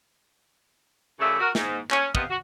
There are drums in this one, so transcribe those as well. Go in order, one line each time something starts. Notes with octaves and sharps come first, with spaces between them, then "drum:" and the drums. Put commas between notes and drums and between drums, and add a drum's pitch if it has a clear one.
F#2 C#3 F3 A3 D5 E5
F#4 A#4
G#2, drum: snare
C#4, drum: clap
C3 B3 G4 D#5 F5, drum: kick
F#4